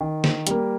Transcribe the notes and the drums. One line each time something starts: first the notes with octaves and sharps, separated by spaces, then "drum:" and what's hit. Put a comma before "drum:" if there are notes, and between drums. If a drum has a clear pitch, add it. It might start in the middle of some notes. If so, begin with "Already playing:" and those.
D#3
drum: snare
G3 A#3, drum: hi-hat